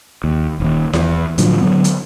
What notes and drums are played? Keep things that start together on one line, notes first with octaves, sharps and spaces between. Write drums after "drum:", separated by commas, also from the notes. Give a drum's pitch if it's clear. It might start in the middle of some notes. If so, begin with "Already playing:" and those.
D#2
D#1 D#2
E2, drum: snare E4
A2 D3 F3 F#3, drum: hi-hat
D3 F#3 B3
drum: hi-hat